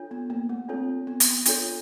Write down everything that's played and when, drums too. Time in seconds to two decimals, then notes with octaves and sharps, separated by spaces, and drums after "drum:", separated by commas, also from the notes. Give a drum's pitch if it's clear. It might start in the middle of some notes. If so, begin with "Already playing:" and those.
Already playing: D4 F4 A4 C#5
0.11 B3
0.30 A#3
0.49 A3
0.68 C4 D4 F4 A4 C#5
1.07 B3
1.20 drum: hi-hat
1.45 D4 F4 A4 C#5, drum: hi-hat